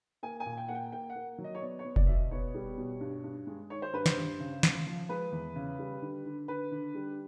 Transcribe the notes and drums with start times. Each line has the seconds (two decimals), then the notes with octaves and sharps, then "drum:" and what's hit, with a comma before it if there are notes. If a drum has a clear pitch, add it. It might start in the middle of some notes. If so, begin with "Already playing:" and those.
0.23 A#3 G#5
0.40 G#5
0.46 A#2
0.57 G5
0.68 A#3 F#5
0.75 G5
0.92 A#3 G5
1.10 F#5
1.15 A#3
1.38 F#3
1.44 D#5
1.55 C#5
1.62 B3 D5
1.79 C#5
1.85 B3
1.96 D5, drum: kick F1
2.06 B2 E5
2.14 D#5
2.31 B3 C#5
2.54 G3
2.78 B2
3.01 G2
3.24 G2
3.47 G#3
3.70 D#3 C#5
3.82 C5
3.93 G2 B4
4.06 C5, drum: snare
4.17 G2
4.40 C#3
4.63 C#3, drum: snare
4.87 F3
5.09 G#3 B4
5.32 E2
5.56 C#3
5.79 G3
6.02 D3
6.25 D3
6.48 D3 B4
6.71 D3
6.94 G3